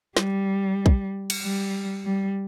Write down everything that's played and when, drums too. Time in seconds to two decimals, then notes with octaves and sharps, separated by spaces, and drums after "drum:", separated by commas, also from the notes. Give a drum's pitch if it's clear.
0.17 G3, drum: snare
0.86 drum: kick
1.30 drum: cymbal
1.43 G3
2.05 G3